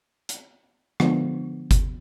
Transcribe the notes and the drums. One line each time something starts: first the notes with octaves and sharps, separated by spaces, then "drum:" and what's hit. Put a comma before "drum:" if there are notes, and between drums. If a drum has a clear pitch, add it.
drum: hi-hat
D3 F3 G#3 B3, drum: rim click
drum: kick G1, hi-hat